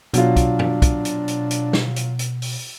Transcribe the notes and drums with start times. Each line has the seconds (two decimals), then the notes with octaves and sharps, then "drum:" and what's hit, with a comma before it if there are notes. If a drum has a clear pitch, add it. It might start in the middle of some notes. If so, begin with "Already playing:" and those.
0.14 B2 F#3 D4 F4, drum: hi-hat
0.36 drum: kick, hi-hat
0.59 drum: tom F#2
0.82 drum: kick, hi-hat
1.05 drum: hi-hat
1.28 drum: hi-hat
1.51 drum: hi-hat
1.73 drum: snare
1.96 drum: hi-hat
2.19 drum: hi-hat
2.42 drum: open hi-hat